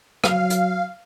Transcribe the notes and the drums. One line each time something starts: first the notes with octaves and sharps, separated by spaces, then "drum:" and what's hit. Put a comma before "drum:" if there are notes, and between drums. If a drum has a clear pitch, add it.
F#3 F5, drum: rim click
drum: hi-hat